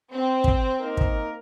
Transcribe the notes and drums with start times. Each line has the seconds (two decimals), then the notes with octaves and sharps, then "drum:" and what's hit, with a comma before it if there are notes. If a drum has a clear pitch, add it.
0.11 C4
0.44 drum: kick
0.80 A#3 D#4 A#4
0.97 drum: kick